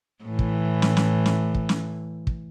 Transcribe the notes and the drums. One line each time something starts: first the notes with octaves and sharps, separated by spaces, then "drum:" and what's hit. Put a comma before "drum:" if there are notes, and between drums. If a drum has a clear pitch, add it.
A2 E3
drum: kick
drum: snare
drum: snare
drum: snare
drum: kick
drum: snare
drum: kick